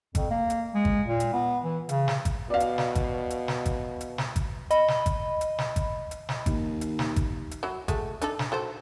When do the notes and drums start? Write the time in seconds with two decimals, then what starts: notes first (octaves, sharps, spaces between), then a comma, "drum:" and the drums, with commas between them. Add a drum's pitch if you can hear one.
0.15 F2, drum: kick G#1, hi-hat
0.31 A#3
0.50 drum: hi-hat
0.74 G#3
0.85 drum: kick G#1
1.07 A#2
1.20 drum: hi-hat
1.33 B3
1.64 E3
1.89 C#3, drum: hi-hat
2.08 drum: snare
2.25 drum: kick G#1, hi-hat
2.50 B2 D5 F5
2.60 drum: hi-hat
2.78 drum: snare
2.95 drum: kick G#1, hi-hat
3.30 drum: hi-hat
3.48 drum: snare
3.65 drum: kick G#1, hi-hat
4.01 drum: hi-hat
4.18 drum: snare
4.36 drum: kick G#1, hi-hat
4.71 D#5 B5, drum: hi-hat
4.88 drum: snare
5.06 drum: kick G#1, hi-hat
5.41 drum: hi-hat
5.58 drum: snare
5.76 drum: kick G#1, hi-hat
6.11 drum: hi-hat
6.29 drum: snare
6.46 D#2, drum: kick G#1, hi-hat
6.81 drum: hi-hat
6.99 drum: snare
7.16 drum: kick G#1, hi-hat
7.51 drum: hi-hat
7.63 F#3 E4
7.88 G#3 A3 F#4, drum: kick G#1, hi-hat
8.22 D4 D#4 A4, drum: hi-hat
8.39 drum: snare
8.52 F#3 A4 C5